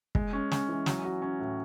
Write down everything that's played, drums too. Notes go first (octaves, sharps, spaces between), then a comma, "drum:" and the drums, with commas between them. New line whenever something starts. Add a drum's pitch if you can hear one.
G#3, drum: kick
C#4
C#4, drum: snare
E3
F#3, drum: snare
F#4
C#4
A2